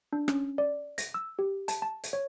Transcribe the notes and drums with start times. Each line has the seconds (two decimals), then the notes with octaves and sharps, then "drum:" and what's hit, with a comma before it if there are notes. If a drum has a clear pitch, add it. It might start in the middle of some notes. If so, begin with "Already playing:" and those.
0.13 D4
0.28 C#4, drum: rim click
0.58 D5
0.98 A#6, drum: hi-hat
1.14 E6
1.39 G4
1.68 A5, drum: hi-hat
1.82 A5
2.04 drum: hi-hat
2.13 C#5